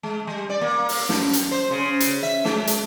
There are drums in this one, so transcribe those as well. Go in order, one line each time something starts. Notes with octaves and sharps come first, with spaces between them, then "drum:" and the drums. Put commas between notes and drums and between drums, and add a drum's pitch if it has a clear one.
G#3
G3
D5
A#3
drum: open hi-hat
F#2, drum: snare
drum: hi-hat
C5
C#3
drum: hi-hat
E5
G#3, drum: snare
drum: hi-hat